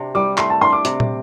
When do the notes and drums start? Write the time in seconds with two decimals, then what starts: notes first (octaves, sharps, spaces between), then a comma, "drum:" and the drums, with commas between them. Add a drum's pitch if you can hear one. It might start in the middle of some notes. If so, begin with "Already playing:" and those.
Already playing: C3 D4
0.15 G3 D6
0.37 A3 C6, drum: clap
0.50 A5
0.61 D4 C6
0.73 D6
0.85 C3, drum: hi-hat
1.00 drum: tom